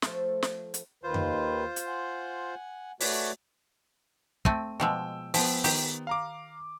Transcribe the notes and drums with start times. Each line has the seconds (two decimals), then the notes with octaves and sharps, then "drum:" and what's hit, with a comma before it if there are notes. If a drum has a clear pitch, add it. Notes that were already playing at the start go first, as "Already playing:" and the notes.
0.02 F3 A3 C5, drum: snare
0.42 drum: snare
0.74 drum: hi-hat
1.04 D#2 D#3 F4 B4 C5
1.14 drum: tom F2
1.76 drum: hi-hat
1.87 F#5 G#5
3.01 A3 F#4 B4 C#5 D5, drum: open hi-hat
4.45 A3 C4 D#7, drum: kick
4.80 B2 F3 G#3 G5 E6
5.34 F3 B3 C5 G5, drum: open hi-hat
5.64 D#3 G4, drum: open hi-hat
6.07 F5 A#5 D6